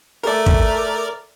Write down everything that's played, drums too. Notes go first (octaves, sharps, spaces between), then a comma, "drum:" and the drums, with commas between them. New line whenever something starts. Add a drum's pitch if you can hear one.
A3 A#4 D5
drum: kick